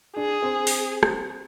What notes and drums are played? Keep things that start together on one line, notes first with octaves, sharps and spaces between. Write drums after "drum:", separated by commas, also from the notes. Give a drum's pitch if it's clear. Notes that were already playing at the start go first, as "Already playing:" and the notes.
D4 G#4
C4
drum: open hi-hat
drum: rim click